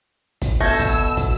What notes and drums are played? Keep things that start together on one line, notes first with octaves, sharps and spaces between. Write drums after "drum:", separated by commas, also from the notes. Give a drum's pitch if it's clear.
drum: kick, hi-hat
B2 A3 E6 G6 G#6 A#6
drum: kick, hi-hat
drum: kick, hi-hat